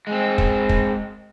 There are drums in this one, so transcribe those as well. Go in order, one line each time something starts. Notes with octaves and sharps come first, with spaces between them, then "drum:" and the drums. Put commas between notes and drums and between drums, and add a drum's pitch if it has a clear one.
G#3 C4
drum: kick
drum: kick